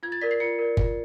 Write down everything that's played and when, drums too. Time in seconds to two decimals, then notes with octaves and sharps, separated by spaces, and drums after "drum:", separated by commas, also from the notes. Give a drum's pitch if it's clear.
0.03 F4 G#6
0.12 A6
0.21 A#4 D5 B6
0.31 C7
0.40 F4 C#7
0.59 A#4 D5
0.77 F4, drum: kick G1